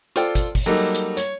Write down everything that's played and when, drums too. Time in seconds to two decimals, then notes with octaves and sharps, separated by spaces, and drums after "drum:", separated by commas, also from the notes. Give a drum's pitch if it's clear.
0.16 F4 A4 C5 D5 G5, drum: hi-hat
0.35 drum: kick, hi-hat
0.55 drum: kick, open hi-hat
0.66 F#3 G3 A#3 D#4 A4
0.94 drum: hi-hat
1.17 C#5, drum: hi-hat